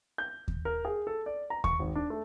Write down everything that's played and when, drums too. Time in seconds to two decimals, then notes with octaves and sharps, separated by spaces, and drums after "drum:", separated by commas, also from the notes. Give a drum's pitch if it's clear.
0.18 G6
0.48 drum: kick D#2
0.65 A#4
0.85 G#4
1.07 A4
1.26 D5
1.50 A#5
1.64 C#6, drum: kick D#2
1.79 G#1
1.95 D4
2.10 A3